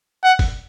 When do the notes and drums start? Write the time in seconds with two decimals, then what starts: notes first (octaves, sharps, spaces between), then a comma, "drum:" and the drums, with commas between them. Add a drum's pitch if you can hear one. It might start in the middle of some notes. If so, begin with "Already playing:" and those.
0.24 F#5
0.39 drum: kick F#1, open hi-hat